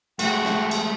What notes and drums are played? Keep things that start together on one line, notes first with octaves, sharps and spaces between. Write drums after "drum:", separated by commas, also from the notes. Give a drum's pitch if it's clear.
G#3 A3 F#4 G5, drum: cymbal
drum: snare
drum: cymbal